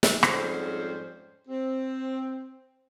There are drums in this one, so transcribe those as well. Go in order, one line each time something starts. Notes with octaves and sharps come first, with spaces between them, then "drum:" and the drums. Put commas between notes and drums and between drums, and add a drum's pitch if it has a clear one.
drum: snare
F2 G#2 G3 C#4 C5, drum: rim click
C4